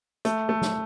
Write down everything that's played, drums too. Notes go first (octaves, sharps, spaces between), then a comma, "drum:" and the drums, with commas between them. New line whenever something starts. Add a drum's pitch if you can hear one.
A3, drum: hi-hat
A3
drum: snare